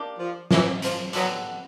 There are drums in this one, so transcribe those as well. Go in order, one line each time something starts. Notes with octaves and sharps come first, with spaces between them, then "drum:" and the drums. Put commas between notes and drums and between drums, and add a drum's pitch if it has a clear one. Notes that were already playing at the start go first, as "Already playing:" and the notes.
Already playing: A#3 D4 G4
F3
E3, drum: snare
F3, drum: hi-hat
D3 F#3 G3 B3, drum: hi-hat